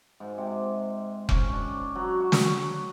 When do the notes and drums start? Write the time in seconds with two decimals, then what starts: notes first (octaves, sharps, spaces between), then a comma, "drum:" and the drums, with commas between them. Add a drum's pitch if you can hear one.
0.20 G#2
0.38 C3
1.29 C#4, drum: kick F1
1.53 D4
1.95 F#3
2.20 F#4
2.32 drum: snare